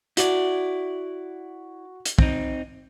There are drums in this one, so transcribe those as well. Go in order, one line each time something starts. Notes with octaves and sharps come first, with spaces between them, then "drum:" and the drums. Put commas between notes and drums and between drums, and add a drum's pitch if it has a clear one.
E4 F#4 D5, drum: hi-hat
drum: hi-hat
C4 D#4, drum: kick